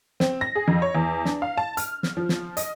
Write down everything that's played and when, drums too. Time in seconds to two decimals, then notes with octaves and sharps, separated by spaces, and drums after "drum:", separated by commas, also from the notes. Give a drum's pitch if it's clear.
0.20 C4, drum: snare
0.41 A#6
0.55 G#4
0.68 F2
0.82 C#5
0.95 E2
1.25 D4, drum: snare
1.42 F5
1.58 A5
1.77 F6, drum: hi-hat
2.03 drum: snare
2.17 F3
2.29 drum: snare
2.57 D#5, drum: hi-hat